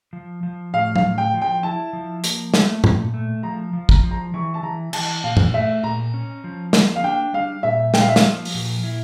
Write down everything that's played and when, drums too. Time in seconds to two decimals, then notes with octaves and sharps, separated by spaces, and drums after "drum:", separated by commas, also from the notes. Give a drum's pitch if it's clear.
0.13 F3
0.43 F3
0.73 A2 F5
0.96 F5, drum: tom
1.03 A2
1.18 G5
1.34 F3
1.42 G5
1.63 E4 A5
1.93 F3
2.24 A#3, drum: hi-hat
2.54 A3, drum: snare
2.84 A#2, drum: tom G#2
3.14 A3
3.43 F3 A#5
3.73 F3
3.89 A#5, drum: kick
4.04 F3
4.11 A#5
4.34 E3 C#6
4.54 A5
4.63 E3 A#5
4.93 E3 A5, drum: cymbal
5.24 A#2 F5
5.37 drum: tom G2
5.54 A3 E5
5.83 A#2 A#5
6.14 C#4
6.44 F3
6.73 A#3, drum: snare
6.96 F5
7.03 D4 G5
7.33 G3 F5
7.63 A#2 E5
7.94 A#3 G5, drum: snare
8.01 F5
8.09 E5
8.16 F5, drum: snare
8.24 F3
8.45 drum: open hi-hat
8.54 A#2
8.84 E4